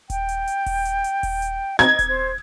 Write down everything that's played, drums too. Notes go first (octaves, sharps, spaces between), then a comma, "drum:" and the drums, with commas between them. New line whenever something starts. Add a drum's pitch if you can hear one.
G5, drum: kick D#1, hi-hat
drum: hi-hat
drum: hi-hat
drum: kick D#1, open hi-hat
drum: hi-hat
drum: hi-hat
drum: kick D#1, open hi-hat
drum: hi-hat
D#5 G#6, drum: hi-hat
drum: kick D#1, hi-hat
C5